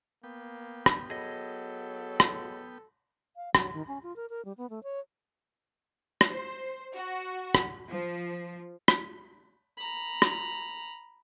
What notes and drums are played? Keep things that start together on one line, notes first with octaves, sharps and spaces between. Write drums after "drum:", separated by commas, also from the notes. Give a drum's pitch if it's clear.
A#3 B3 G5
drum: rim click
F#3 G#4 A4 D#5
drum: rim click
F5
F#3, drum: rim click
D#3
C#4
F4
A#4
A#4
G3
B3
A3
C#5
drum: rim click
C5
F#4
drum: rim click
F3
drum: rim click
A#5 B5
drum: rim click